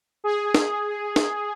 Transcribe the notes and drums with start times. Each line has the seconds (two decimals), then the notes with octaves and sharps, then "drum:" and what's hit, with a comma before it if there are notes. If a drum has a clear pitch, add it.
0.24 G#4
0.55 drum: snare
1.16 drum: snare